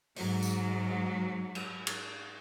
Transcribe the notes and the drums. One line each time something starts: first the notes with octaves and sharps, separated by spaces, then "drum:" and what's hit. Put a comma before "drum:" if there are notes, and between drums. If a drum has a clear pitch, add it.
G#2 F#3, drum: open hi-hat
drum: tambourine
drum: cymbal
drum: cymbal